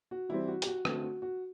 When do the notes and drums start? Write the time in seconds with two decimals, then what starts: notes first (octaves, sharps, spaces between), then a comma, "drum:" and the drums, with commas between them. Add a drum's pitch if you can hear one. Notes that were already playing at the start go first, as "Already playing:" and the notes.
0.11 F#4
0.29 E3 G3 C4 E4
0.48 F#4
0.62 G4, drum: hi-hat
0.67 F#4
0.85 D3 A3 C4 F#4, drum: rim click
1.03 F#4
1.22 F#4